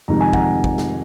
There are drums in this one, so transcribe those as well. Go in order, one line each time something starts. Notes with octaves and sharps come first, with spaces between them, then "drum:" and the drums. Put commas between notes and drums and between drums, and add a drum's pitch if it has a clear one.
F2 C3 D#3 G#3 A#5
G#5
F#5 A#5, drum: kick
drum: kick
drum: snare